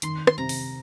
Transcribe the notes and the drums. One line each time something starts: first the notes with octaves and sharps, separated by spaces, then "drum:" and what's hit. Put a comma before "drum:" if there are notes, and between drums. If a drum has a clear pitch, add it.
D#3 C6, drum: hi-hat
C6, drum: rim click
C3 A#5
drum: open hi-hat